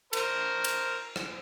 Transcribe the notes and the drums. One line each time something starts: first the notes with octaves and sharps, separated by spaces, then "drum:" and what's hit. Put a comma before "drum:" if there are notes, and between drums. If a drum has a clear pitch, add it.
A#4 C5, drum: cymbal
drum: cymbal
drum: rim click